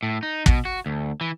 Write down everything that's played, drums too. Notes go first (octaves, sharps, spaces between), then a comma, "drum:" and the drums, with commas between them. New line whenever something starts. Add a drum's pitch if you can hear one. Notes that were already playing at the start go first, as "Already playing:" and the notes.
A2
D#4
B2, drum: kick
F#4
D2
E3